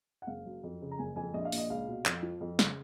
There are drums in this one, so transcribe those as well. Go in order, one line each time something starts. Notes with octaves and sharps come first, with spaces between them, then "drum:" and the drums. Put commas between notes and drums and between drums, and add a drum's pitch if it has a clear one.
F#5
F#1 F5
F#2
F2
C#3
A#5
F#1 G#5
F2 G#5
A#1 D#5
F5
A#2, drum: open hi-hat
D#5
C#2 F5
B2
F2, drum: clap
F3
F2
C#3, drum: snare